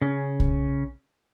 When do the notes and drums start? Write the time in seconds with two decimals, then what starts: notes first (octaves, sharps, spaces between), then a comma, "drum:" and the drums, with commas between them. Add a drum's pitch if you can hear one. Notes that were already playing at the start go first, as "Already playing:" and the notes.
0.02 C#3 C#4
0.40 drum: kick